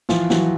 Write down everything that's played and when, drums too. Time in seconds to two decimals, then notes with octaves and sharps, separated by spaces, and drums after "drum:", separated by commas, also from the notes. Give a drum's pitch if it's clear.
0.09 E3 F3 F4, drum: snare
0.30 E3 F#3 F#4, drum: snare